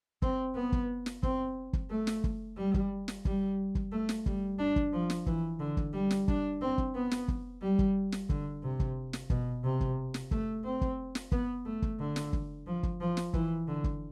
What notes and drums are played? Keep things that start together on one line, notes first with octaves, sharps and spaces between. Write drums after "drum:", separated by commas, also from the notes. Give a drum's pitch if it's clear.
C4, drum: kick
B3
drum: kick
drum: snare
C4, drum: kick
drum: kick
A3
drum: snare
drum: kick
G3
drum: kick
drum: snare
G3, drum: kick
drum: kick
A3
drum: snare
G3, drum: kick
D4
drum: kick
F3
drum: snare
E3, drum: kick
D3
drum: kick
G3
drum: snare
D4, drum: kick
C4
drum: kick
B3
drum: snare
drum: kick
G3
drum: kick
drum: snare
D3, drum: kick
C3
drum: kick
drum: snare
B2, drum: kick
C3
drum: kick
drum: snare
A3, drum: kick
C4
drum: kick
drum: snare
B3, drum: kick
A3
drum: kick
D3
drum: snare
drum: kick
F3
drum: kick
F3
drum: snare
E3, drum: kick
D3
drum: kick